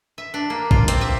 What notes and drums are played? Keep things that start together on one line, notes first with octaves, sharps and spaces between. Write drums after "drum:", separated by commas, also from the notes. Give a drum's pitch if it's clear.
E5
D4
A#3
F4, drum: kick
C4, drum: hi-hat
E5